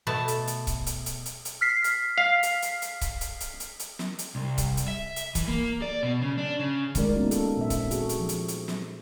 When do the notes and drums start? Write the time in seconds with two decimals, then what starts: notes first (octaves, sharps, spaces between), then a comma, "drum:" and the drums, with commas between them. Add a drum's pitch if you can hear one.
0.07 B2 A3 B3 A5
0.28 drum: hi-hat
0.48 drum: hi-hat
0.67 drum: kick C#1, hi-hat
0.87 drum: hi-hat
1.06 drum: hi-hat
1.26 drum: hi-hat
1.45 drum: hi-hat
1.61 F6 B6 C7
1.84 drum: hi-hat
2.18 F5
2.43 drum: hi-hat
2.62 drum: hi-hat
2.82 drum: hi-hat
3.01 drum: kick C#1, hi-hat
3.21 drum: hi-hat
3.41 drum: hi-hat
3.60 drum: hi-hat
3.80 drum: hi-hat
3.99 drum: snare
4.19 drum: hi-hat
4.35 C2
4.58 drum: kick C#1, hi-hat
4.77 drum: hi-hat
4.88 E5
5.16 drum: hi-hat
5.35 E3, drum: kick C#1, hi-hat
5.48 A#3
5.82 D5
6.03 B2
6.21 C#3
6.38 D4
6.59 C#3
6.95 D#3 G#3 A3 E4 A#4 D5, drum: kick C#1, hi-hat
7.15 A#3 B3 C#4 D#4 E4 F#4
7.31 A4, drum: hi-hat
7.57 A#2 C4 E5
7.70 drum: kick C#1, hi-hat
7.91 F#4 G#4 A4, drum: hi-hat
8.09 drum: hi-hat
8.19 F3
8.29 drum: hi-hat
8.48 drum: hi-hat
8.68 drum: snare